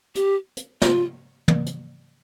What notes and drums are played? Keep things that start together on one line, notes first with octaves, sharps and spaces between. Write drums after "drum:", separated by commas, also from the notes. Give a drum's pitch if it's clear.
G4, drum: hi-hat
drum: hi-hat
F4, drum: snare
drum: tom
drum: hi-hat